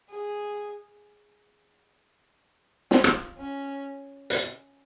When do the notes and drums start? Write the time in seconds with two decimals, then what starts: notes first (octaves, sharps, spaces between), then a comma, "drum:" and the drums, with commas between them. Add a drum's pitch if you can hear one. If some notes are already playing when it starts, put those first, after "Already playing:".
0.10 G#4
2.91 F4, drum: snare
3.04 drum: rim click
3.38 C#4
4.30 drum: hi-hat